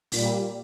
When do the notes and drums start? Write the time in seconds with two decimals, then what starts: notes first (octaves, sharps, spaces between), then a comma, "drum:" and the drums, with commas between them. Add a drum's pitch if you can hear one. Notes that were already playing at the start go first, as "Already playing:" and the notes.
0.12 A#2 G3, drum: open hi-hat